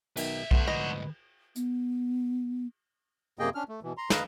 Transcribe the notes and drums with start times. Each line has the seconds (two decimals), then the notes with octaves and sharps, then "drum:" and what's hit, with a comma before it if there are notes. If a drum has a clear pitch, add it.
0.17 B1 B2 D#3 E5, drum: cymbal
0.51 A3 B3 F#4 C5, drum: kick B1
0.68 D2 G#2 B4 D#5
1.56 B3, drum: hi-hat
3.39 F#2 C3 A#3 G#4 D#5 G5
3.55 C#4 D4 F6
3.69 A3
3.83 B2 E3
3.97 A#5 C6
4.10 B4 D#5 F5 A#5, drum: snare